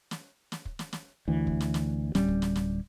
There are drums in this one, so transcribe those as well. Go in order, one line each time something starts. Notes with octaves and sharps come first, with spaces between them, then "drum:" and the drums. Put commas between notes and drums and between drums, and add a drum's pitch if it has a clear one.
drum: snare
drum: snare
drum: kick
drum: snare
drum: snare
D2 E3
drum: kick
drum: snare
drum: snare
D1 G3 C#4, drum: snare
drum: kick
drum: snare
drum: snare